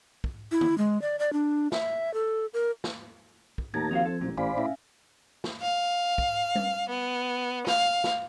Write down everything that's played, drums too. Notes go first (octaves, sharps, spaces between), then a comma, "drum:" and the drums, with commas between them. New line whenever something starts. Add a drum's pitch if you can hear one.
drum: kick
E4
drum: tom D3
G#3
D5
D5
D4
E5, drum: snare
A4
A#4
drum: snare
drum: kick
D#2 A2 A5 A#5 G#6
F3 C4 D#4 F#4 F5
A4
A1 A#2
A1 C5 D5 F5 G#5 B5
A2 C#4 E5
drum: snare
F5
drum: kick
drum: tom G3
B3
F5, drum: snare
drum: snare